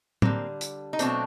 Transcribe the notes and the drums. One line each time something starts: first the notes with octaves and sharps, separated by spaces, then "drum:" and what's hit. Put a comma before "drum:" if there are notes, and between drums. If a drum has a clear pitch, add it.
D3 G3 A#3 C4, drum: tom
drum: hi-hat
D#4
B2 F#3 A3 C4 D4, drum: hi-hat